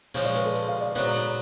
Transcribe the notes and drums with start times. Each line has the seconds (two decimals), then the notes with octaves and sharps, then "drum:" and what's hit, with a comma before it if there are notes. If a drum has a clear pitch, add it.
0.15 C#3 F3 G#3 C#4, drum: tom A#2
0.25 D5
0.35 B4, drum: hi-hat
0.45 A4
0.55 drum: hi-hat
0.68 F5
0.81 D5
0.95 G#2 F#3 B3, drum: tom A#2
1.15 drum: hi-hat